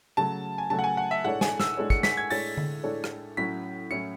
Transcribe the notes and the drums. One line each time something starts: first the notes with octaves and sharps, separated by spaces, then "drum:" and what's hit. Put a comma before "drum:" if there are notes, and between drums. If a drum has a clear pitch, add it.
C#3 F#3 A3 A5
G#5
C#3 F#3 A3 A5
F#5
G#5
F#5
E5
A2 G#3 D4 A4 C#5 F#5
G#5, drum: snare
E6, drum: snare
A2 G#3 D4 A4 C#5
C#7, drum: kick
B6, drum: snare
G#6
A2 G#3 D4 A4 C#5 A6, drum: open hi-hat
drum: tom D3
A2 G#3 D4 A4 C#5
drum: rim click
A2 F#3 C#4 E4 B6
A2 F#3 C#4 E4 C#7